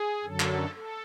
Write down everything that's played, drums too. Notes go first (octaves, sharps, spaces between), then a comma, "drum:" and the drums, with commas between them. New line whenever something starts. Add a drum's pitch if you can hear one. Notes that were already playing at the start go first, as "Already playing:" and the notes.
Already playing: G#4
F#2 D3 F#3 A4
drum: clap
A4